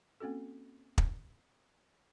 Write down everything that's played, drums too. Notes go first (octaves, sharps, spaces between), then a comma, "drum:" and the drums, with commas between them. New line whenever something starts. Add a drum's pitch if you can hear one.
A#3 C4 C#4 F#4 A4
drum: kick